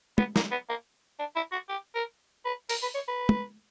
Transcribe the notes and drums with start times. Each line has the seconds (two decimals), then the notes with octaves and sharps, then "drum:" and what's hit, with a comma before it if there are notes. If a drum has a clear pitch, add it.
0.18 B3, drum: tom
0.36 A#3, drum: snare
0.51 B3
0.69 A#3
1.19 D4
1.36 E4
1.52 F#4
1.69 G4
1.95 A#4
2.45 B4
2.69 A#4, drum: open hi-hat
2.82 B4
2.95 C#5
3.08 B4
3.29 drum: tom